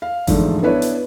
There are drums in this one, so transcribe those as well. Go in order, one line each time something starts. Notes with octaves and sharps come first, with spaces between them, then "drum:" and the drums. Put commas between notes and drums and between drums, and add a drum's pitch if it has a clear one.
F5
E2 G#2 D3 F3 A3, drum: kick G1, open hi-hat
B3 D4 E4 B4 C#5
drum: hi-hat